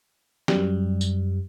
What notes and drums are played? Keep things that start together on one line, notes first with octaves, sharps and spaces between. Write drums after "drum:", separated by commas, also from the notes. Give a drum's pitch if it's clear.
F#2 G3, drum: snare
drum: tambourine